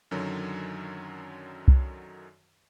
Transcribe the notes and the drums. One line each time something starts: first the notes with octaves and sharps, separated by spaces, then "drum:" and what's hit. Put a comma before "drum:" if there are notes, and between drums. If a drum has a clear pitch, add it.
F#2 D3 D#3 F#3
drum: kick C2